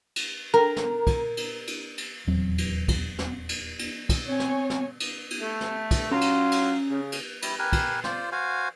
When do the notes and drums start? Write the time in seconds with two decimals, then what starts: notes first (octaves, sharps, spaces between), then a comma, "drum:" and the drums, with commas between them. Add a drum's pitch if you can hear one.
0.16 drum: cymbal
0.54 A#4
0.77 drum: snare
1.07 drum: kick, cymbal
1.37 drum: cymbal
1.67 drum: cymbal
1.98 drum: cymbal
2.27 D#1 E2 F#3 C4
2.58 drum: cymbal
2.88 drum: kick, cymbal
3.19 drum: snare
3.49 drum: cymbal
3.79 drum: cymbal
4.09 drum: kick, cymbal
4.28 C4 C#5 G#5
4.40 drum: snare
4.70 drum: snare
5.00 drum: cymbal
5.30 drum: cymbal
5.40 A3
5.61 drum: snare
5.91 drum: kick, cymbal
6.11 F#3 C#4 F4 A#5
6.21 drum: cymbal
6.51 drum: cymbal
6.89 C#3
7.12 drum: cymbal
7.42 G3 E4, drum: cymbal
7.59 G4 A#4 B4 G#5
7.73 drum: kick, cymbal
8.04 F4 C5 D5, drum: snare
8.32 F#4 C5 F5 G#5